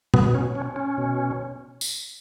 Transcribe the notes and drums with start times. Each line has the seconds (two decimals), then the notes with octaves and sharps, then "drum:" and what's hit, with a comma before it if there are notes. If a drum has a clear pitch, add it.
0.14 B2 B3, drum: tom
0.35 C#4
0.55 C#4
0.76 C#4
0.98 B2
1.81 drum: tambourine